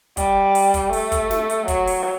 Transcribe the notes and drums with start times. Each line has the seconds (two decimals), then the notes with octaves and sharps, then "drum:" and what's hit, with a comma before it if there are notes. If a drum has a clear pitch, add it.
0.17 G3, drum: kick, hi-hat
0.55 drum: open hi-hat
0.74 drum: kick, hi-hat
0.93 A3, drum: open hi-hat
1.12 drum: kick, hi-hat
1.31 drum: snare
1.50 drum: hi-hat
1.68 F#3, drum: kick, hi-hat
1.87 drum: open hi-hat